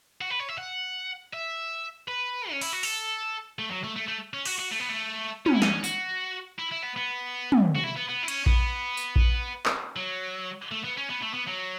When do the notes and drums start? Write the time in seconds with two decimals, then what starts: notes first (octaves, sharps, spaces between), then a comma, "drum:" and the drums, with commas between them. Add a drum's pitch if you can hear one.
0.21 F#4
0.30 B4
0.40 C#5
0.49 E5
0.58 F#5
1.33 E5
2.08 B4
2.51 C#4
2.61 E4, drum: open hi-hat
2.72 F#4
2.83 A4, drum: open hi-hat
3.59 A3
3.71 F#3
3.84 A3
3.96 A3
4.08 A3
4.34 C#4
4.45 F#4, drum: cymbal
4.59 F#4
4.71 A3
4.80 B3
4.89 A3
5.46 C#4, drum: tom
5.54 E4
5.62 C#4, drum: snare
5.84 F#4, drum: tambourine
6.59 E4
6.72 E4
6.83 B3
6.96 B3
7.52 drum: tom
7.75 F#4
7.84 E4
7.97 B3
8.09 B3
8.23 E4
8.28 C#4, drum: cymbal
8.46 B3, drum: kick A#1
8.97 drum: tambourine
9.16 drum: kick A#1
9.66 drum: clap
9.97 F#3
10.72 A3
10.84 B3
10.97 C#4
11.09 B3
11.22 A3
11.34 B3
11.47 F#3